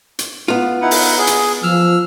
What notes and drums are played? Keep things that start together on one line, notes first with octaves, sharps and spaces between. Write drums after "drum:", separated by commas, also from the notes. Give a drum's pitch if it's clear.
drum: hi-hat
B3 F4
D#4 E4 F#5
drum: open hi-hat
G#4
drum: hi-hat
F3 E6 F6